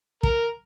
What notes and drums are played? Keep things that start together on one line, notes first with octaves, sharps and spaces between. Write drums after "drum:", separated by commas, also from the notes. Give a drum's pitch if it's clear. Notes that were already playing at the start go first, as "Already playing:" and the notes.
A#4, drum: kick